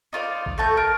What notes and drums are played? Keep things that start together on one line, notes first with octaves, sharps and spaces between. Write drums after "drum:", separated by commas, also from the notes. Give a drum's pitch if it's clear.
D#4 F4 C5 D5
drum: kick
A3 F#4 A5 G6
A#4